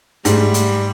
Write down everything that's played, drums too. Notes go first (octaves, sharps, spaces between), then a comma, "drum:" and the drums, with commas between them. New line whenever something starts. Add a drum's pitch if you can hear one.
G#2 G3 A3, drum: hi-hat
drum: hi-hat